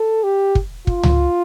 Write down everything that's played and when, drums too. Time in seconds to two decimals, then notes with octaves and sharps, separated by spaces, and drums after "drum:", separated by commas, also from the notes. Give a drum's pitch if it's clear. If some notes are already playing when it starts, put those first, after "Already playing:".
Already playing: A4
0.23 G4
0.55 drum: kick
0.87 F4, drum: kick
1.03 drum: tom C#2